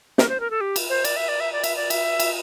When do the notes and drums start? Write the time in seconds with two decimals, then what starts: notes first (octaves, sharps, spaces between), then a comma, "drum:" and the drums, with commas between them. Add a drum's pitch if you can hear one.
0.18 A#4, drum: snare
0.29 C5
0.40 A#4
0.50 A4
0.61 G4
0.76 drum: cymbal
0.90 C5
1.05 D5, drum: cymbal
1.17 E5
1.28 D5
1.40 E5
1.53 D5
1.64 E5, drum: cymbal
1.76 D5
1.90 E5, drum: cymbal
2.20 drum: cymbal